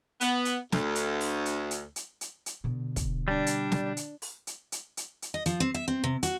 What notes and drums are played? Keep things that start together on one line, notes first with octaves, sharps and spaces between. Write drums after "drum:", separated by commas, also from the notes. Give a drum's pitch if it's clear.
B3, drum: hi-hat
drum: hi-hat
D2, drum: snare
drum: hi-hat
drum: open hi-hat
drum: hi-hat
drum: hi-hat
drum: hi-hat
drum: hi-hat
drum: hi-hat
B2 D3
drum: kick, hi-hat
G3 D4
drum: hi-hat
drum: snare
drum: hi-hat
drum: open hi-hat
drum: hi-hat
drum: hi-hat
drum: hi-hat
drum: hi-hat
D#5
F3, drum: hi-hat
C4
E5
C4
C3
F#4, drum: hi-hat